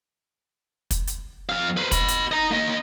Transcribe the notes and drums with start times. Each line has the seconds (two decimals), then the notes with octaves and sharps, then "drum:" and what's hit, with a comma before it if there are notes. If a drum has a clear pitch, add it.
0.91 drum: kick, hi-hat
1.07 drum: hi-hat
1.49 F2 F5
1.77 B4 C5
1.92 D#5 B5, drum: kick, hi-hat
2.08 drum: hi-hat
2.32 D#5 A#5
2.51 A#3 D#5